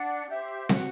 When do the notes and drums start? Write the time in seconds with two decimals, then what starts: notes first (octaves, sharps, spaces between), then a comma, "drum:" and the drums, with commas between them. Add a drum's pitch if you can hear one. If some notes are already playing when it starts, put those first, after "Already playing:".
Already playing: D4 F#5
0.29 G4 C5 E5
0.69 F#4 F#5, drum: snare